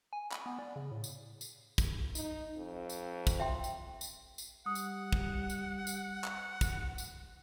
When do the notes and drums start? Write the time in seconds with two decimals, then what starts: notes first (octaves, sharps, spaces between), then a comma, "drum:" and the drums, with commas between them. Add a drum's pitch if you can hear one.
0.13 G#5
0.32 B5, drum: clap
0.46 B3
0.59 D5
0.76 C#3
0.91 A2
1.04 drum: tambourine
1.41 drum: tambourine
1.78 drum: kick, tambourine
2.15 D#4, drum: tambourine
2.56 F2
2.90 drum: tambourine
3.27 drum: kick, tambourine
3.40 E5 G5 C6
3.64 drum: tambourine
4.01 drum: tambourine
4.38 drum: tambourine
4.66 G3 F#5 D#6
4.75 drum: tambourine
5.12 drum: kick
5.50 drum: tambourine
5.87 drum: tambourine
6.24 drum: clap
6.61 drum: kick, tambourine
6.98 drum: tambourine